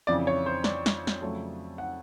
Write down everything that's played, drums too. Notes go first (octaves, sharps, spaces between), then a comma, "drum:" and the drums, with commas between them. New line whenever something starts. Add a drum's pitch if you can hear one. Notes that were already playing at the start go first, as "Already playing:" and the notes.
F2 C#3 E3 D5
C#5
C5
D5, drum: snare
drum: snare
drum: snare
F2 C#3 F#3 A3
F#5